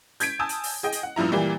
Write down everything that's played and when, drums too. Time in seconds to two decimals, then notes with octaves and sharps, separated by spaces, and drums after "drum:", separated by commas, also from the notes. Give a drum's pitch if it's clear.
0.20 G6 G#6 B6 D7, drum: hi-hat
0.39 G#5 A5 D#6 E6 G6
0.49 drum: hi-hat
0.63 drum: open hi-hat
0.83 G#4 D#5 G5
0.92 drum: hi-hat
1.03 F#5
1.16 A#1 G2 F3 E4 A#5
1.32 A#2 E3 G3 A#3